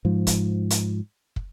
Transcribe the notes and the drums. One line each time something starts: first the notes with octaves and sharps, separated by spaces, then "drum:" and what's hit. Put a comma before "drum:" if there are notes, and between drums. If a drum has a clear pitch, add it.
G#2 F3
drum: kick, hi-hat
drum: hi-hat
drum: kick